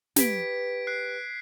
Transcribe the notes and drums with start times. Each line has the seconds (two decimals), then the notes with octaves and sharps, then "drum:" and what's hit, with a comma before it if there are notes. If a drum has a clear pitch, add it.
0.16 G4 B4 G#6 B6 D7, drum: snare
0.87 F#6 C7